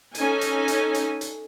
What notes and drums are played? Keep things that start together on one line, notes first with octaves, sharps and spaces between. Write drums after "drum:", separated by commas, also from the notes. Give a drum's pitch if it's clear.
C#4 D#4 A4 G#5, drum: hi-hat
drum: hi-hat
drum: hi-hat
drum: hi-hat
drum: hi-hat